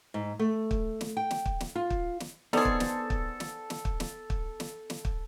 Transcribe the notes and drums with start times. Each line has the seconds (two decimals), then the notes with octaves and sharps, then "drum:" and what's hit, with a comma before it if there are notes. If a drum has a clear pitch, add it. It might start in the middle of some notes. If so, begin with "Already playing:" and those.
0.14 G#2
0.39 A3
0.71 drum: kick
1.01 drum: snare
1.17 G5
1.31 drum: snare
1.46 drum: kick
1.60 drum: snare
1.75 F4
1.90 drum: kick
2.20 drum: snare
2.53 B3 D#4 G#4 A4 C5 D5, drum: snare
2.65 drum: kick
2.80 drum: snare
3.10 drum: kick
3.40 drum: snare
3.70 drum: snare
3.85 drum: kick
4.00 drum: snare
4.30 drum: kick
4.60 drum: snare
4.90 drum: snare
5.05 drum: kick